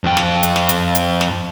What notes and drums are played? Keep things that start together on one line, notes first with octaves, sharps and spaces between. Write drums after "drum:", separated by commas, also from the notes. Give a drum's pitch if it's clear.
F2 G5
drum: snare
drum: hi-hat
drum: snare
drum: hi-hat
drum: hi-hat
drum: snare